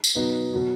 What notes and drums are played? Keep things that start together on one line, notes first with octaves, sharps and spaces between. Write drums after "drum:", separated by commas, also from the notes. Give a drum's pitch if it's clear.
drum: tambourine
B2 F#3 B3 D#4
B2 F#3